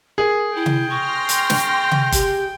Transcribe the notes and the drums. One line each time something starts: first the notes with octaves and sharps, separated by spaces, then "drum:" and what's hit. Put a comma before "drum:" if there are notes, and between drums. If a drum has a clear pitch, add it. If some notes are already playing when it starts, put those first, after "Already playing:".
G#4 A#4
E4 G5
drum: tom C3
C6 C#6 F6 A#6
drum: hi-hat
drum: snare
drum: tom C3
G4, drum: kick, hi-hat